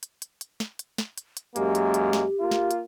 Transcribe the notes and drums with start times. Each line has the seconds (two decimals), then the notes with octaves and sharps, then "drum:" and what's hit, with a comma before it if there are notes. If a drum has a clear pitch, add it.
0.03 drum: hi-hat
0.22 drum: hi-hat
0.41 drum: hi-hat
0.60 drum: snare
0.79 drum: hi-hat
0.98 drum: snare
1.18 drum: hi-hat
1.37 drum: hi-hat
1.56 F#2 G#3 A#3 G4, drum: hi-hat
1.75 drum: hi-hat
1.94 drum: hi-hat
2.13 drum: snare
2.40 A#3 F4
2.51 drum: snare
2.71 drum: hi-hat